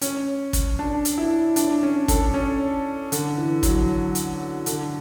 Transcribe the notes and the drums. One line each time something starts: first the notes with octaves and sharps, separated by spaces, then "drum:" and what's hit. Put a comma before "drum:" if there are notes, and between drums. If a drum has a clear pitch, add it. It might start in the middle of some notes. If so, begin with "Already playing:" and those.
C#4, drum: hi-hat
drum: kick, hi-hat
D4
drum: hi-hat
E4
D4, drum: hi-hat
C#4
A4, drum: kick, hi-hat
C#4
D3, drum: hi-hat
E3
F#3, drum: kick, hi-hat
drum: hi-hat
D3, drum: hi-hat